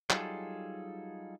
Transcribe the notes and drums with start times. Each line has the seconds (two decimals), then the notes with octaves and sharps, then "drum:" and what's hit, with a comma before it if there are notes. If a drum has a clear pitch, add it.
0.10 F#3 G3 D#4 F4 G#4 A4, drum: clap